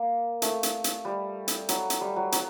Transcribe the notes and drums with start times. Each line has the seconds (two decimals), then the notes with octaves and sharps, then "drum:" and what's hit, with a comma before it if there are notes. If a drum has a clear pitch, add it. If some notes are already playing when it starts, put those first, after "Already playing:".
Already playing: A#3
0.42 A3, drum: hi-hat
0.63 drum: hi-hat
0.84 drum: hi-hat
1.05 G3
1.48 drum: hi-hat
1.69 F#3, drum: hi-hat
1.90 drum: hi-hat
2.01 G3
2.16 F#3
2.32 F#3, drum: hi-hat